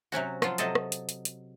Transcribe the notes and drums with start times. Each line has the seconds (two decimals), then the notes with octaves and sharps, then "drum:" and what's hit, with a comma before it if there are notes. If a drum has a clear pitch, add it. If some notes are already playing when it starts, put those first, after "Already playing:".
0.12 C3 F#3 C#4 F#4
0.42 F3 F#3 F4, drum: rim click
0.58 C3 F#3 A4 D#5 A5, drum: hi-hat
0.75 drum: rim click
0.92 drum: hi-hat
1.09 drum: hi-hat
1.25 drum: hi-hat